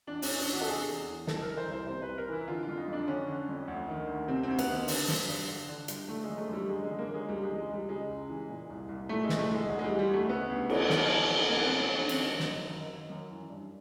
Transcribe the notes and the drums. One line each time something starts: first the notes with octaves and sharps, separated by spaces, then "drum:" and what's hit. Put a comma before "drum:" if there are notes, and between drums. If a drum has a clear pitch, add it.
E2 D4
C#4, drum: open hi-hat
E3
D4
E2
F#4
A4
C3 G#4
E2
E3
C2 A4, drum: snare
A#4
E3
C5
C2 C5
C3 C5
B4
C2
A#4
E3 E4
D3 F4
F4
F2
D#4
F2
D4
D3 C#4
D3
F2
D2
D#3
D2
C3 C4
D2 C4
B3, drum: cymbal
D#3
D3, drum: open hi-hat
G2, drum: snare
G2
D3
D3
G2, drum: hi-hat
D3 A3
G#3
F#2
A3
F#2 G3
D3 G#3
G#3
D3
A#3
F#2
G#3
C#2 G3
E3 G#3
G#3
C#2 G3
C#3 G#3
C#2
E3
A#2
C2
C2
A#2 A3
G#3
A#2, drum: snare
A3
C2
G#3
D2 G#3
G#3
G3
E3
G3
D2 A3
C#3 B3
D2
E3, drum: cymbal
F2, drum: snare
E3
F2
C#3 A#3
B3
F2 C4
C#4
E3 D4
C#4
D#3 C4, drum: cymbal
F#2
D#4, drum: snare
F#2
D#3
D#3
F#2
E3
G2